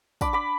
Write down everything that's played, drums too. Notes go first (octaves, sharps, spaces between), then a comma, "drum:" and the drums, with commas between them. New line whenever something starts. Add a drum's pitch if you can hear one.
D4 B5 D6, drum: kick, tambourine
B5 D6